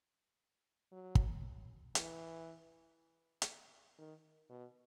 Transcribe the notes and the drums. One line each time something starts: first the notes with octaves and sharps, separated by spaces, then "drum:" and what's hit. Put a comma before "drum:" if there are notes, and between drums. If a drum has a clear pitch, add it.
F#3
drum: kick
E3, drum: hi-hat
drum: hi-hat
D#3
B2